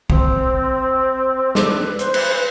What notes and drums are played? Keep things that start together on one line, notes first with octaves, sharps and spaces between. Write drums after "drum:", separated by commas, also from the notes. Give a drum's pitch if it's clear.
C4, drum: kick
D4, drum: snare
B4
C5, drum: hi-hat
B4, drum: cymbal
B4